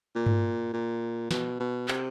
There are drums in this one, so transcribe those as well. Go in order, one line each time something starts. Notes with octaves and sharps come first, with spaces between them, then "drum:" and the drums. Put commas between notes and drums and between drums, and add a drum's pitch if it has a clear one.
A#2
drum: tom G2
A#2
B2, drum: snare
B2
C3, drum: clap